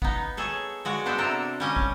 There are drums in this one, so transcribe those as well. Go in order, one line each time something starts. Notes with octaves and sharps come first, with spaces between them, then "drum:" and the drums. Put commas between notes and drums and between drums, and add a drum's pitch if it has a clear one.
B3 D#4, drum: kick
G#4 A4 C#5
G#3 F#4 D5
B3 D4 C5 E5
C3 D4 A4 A#4
G3 C#4 D#5
drum: kick